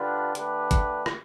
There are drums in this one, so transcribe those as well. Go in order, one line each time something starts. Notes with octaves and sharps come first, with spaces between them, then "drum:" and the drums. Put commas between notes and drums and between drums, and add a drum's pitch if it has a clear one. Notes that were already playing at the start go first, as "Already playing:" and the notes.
Already playing: D3 G3 D4 F4 B4
D3 A3 D4 G4 B4, drum: hi-hat
drum: kick G#1, hi-hat
drum: rim click